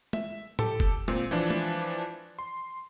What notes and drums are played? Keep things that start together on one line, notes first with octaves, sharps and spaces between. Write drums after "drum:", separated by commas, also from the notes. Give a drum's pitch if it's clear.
E5, drum: tom
G4 A4, drum: tom A2
drum: kick F1
A#2 C4, drum: tom
E3 F3 D4
drum: tom
C6